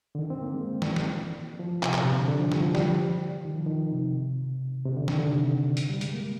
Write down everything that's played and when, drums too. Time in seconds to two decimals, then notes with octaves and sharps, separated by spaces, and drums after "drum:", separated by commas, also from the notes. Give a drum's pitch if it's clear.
0.15 D3
0.19 D#3
0.30 C4
0.42 A#3
0.54 G#3
0.82 drum: snare
0.96 drum: snare
1.59 F3
1.83 C3, drum: clap
1.94 A#2, drum: clap
2.05 C3
2.17 D3
2.28 D3
2.40 F3
2.52 G3, drum: snare
2.63 F3
2.75 G3, drum: snare
3.45 D#3
3.56 F3
3.66 D#3
3.92 C3
4.85 C3
4.97 D3
5.08 D#3, drum: snare
5.19 D3
5.32 C3
5.77 drum: hi-hat
5.90 G3
6.01 G#3, drum: hi-hat
6.13 A#3